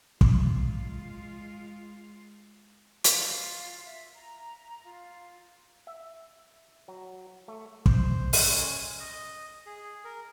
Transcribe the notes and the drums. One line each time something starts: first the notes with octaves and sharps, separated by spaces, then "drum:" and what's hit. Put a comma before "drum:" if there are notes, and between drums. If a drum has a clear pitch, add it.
G#3 F4, drum: kick
F4, drum: hi-hat
E5
A#5
F4
E5
F#3
A3
C5, drum: kick
C#4, drum: open hi-hat
D#5
G#4
A#4